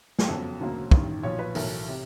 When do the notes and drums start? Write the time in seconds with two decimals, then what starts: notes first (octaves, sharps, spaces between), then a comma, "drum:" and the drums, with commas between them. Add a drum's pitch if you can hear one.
0.19 G#4, drum: snare
0.28 F2 C#3 F#3 B3 A4
0.60 E1 D2 C#3 F#3 A#3
0.91 A1 G2 D#3, drum: kick
1.23 B1 A#2 F3 C#5
1.39 B4
1.55 B1 A2 E3 A3 A#4, drum: open hi-hat
1.88 C3